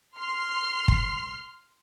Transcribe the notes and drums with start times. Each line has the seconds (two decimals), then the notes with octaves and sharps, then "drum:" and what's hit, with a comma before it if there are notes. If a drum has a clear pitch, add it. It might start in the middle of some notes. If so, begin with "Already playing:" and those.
0.18 C6 F6 C7
0.88 drum: kick